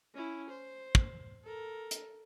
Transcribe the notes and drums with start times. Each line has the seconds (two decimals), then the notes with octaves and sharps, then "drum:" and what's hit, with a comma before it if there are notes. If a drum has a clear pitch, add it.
0.14 C#4 E4
0.50 C5
0.95 drum: kick
1.44 A4 A#4
1.91 drum: hi-hat